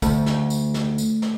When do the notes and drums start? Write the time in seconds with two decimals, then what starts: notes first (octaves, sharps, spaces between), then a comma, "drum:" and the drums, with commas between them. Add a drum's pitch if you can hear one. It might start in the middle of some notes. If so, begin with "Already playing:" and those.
0.02 D2, drum: kick, tambourine
0.26 drum: snare
0.50 drum: tambourine
0.74 drum: snare
0.98 drum: tambourine
1.22 drum: snare